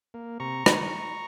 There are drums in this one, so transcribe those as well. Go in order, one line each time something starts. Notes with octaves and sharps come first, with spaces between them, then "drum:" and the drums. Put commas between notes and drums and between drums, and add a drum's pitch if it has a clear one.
A#3
C3 A#5 C#6
D#3, drum: rim click